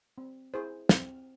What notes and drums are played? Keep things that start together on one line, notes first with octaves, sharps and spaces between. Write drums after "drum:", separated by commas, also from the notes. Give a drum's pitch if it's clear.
C4
E4 G#4 C5
C4, drum: snare